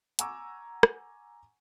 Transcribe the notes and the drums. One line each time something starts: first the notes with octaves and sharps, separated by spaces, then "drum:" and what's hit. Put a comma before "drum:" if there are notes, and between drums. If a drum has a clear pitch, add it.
F#5 G#5 A#5 C#6 D6 E6, drum: hi-hat
drum: rim click